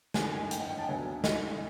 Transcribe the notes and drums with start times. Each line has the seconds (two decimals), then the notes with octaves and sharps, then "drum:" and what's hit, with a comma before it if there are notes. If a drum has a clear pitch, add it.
0.14 F#2 D3 G3 A#3 G#5, drum: snare
0.32 G#5
0.51 G5, drum: hi-hat
0.60 F#5
0.69 G5
0.78 A5
0.83 G5
0.87 D2 D3 F#3 B3 G#5
1.24 D#5, drum: snare